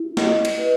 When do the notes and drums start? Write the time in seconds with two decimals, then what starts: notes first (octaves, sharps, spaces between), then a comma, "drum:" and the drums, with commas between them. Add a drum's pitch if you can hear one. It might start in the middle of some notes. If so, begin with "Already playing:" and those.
Already playing: E4
0.17 D#5, drum: snare
0.45 drum: cymbal
0.59 B4